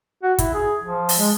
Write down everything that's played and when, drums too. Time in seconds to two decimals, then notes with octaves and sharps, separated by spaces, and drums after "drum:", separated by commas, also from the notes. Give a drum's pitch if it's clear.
0.23 F#4
0.38 E4, drum: kick, hi-hat
0.53 G#4
0.83 F3
1.09 drum: open hi-hat
1.18 G#3